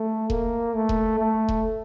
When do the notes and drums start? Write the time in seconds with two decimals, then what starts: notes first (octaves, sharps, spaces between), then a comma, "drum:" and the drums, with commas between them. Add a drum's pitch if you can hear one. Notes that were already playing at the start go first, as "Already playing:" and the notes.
Already playing: A3
0.30 A#3, drum: kick E1
0.74 A3
0.89 drum: kick E1
1.19 A3
1.48 drum: kick E1